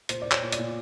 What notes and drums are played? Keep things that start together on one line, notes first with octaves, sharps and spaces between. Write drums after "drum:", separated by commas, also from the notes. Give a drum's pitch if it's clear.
A#2 C5, drum: hi-hat
A#2 D5
C#5, drum: clap
A#2
D5, drum: hi-hat
A#2